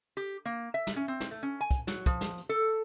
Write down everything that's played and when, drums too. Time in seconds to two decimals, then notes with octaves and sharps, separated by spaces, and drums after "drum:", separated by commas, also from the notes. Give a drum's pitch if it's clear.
0.17 G4
0.45 A#3
0.74 E5
0.87 drum: snare
0.96 C#4
1.08 C4
1.20 drum: snare
1.31 A3
1.43 C#4
1.61 G#5
1.71 drum: kick, hi-hat
1.87 F#3, drum: snare
2.06 F3, drum: kick, hi-hat
2.21 drum: snare
2.38 drum: hi-hat
2.49 A4